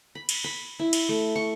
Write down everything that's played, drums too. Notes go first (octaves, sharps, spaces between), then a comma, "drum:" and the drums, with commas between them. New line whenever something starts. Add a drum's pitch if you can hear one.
B5
drum: cymbal
B5
E4
drum: cymbal
A3
C#6